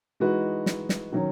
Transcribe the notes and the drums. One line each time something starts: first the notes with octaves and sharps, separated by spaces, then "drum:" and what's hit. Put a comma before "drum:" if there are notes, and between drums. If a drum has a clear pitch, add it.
E3 G#3 D#4 F#4 B4
drum: snare
drum: snare
D#3 F#3 C#4